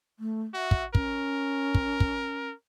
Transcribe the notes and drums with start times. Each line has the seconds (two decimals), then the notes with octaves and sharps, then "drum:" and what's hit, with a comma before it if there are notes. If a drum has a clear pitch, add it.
0.19 A3
0.54 F#4 E5
0.71 drum: kick
0.95 C#4 A#4, drum: kick
1.75 drum: kick
2.00 drum: kick